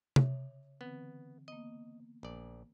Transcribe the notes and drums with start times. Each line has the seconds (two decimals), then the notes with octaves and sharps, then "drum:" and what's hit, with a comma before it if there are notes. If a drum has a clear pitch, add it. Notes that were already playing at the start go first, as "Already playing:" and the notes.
0.16 C#3 C#5 E5, drum: tom C3
0.81 D3 E3 B3 C4
1.48 A#3 B3 D#5
2.23 A#1 D5